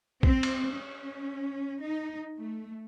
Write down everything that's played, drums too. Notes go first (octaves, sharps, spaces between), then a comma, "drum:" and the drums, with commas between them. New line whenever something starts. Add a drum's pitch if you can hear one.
C4, drum: kick
drum: cymbal
C#4
D#4
A3